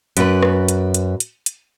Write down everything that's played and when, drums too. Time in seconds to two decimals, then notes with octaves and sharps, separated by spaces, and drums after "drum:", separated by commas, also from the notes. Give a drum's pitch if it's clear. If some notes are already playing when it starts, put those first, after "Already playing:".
0.17 F#2 B4, drum: hi-hat
0.43 drum: rim click
0.68 drum: hi-hat
0.94 drum: hi-hat
1.20 drum: hi-hat
1.46 drum: hi-hat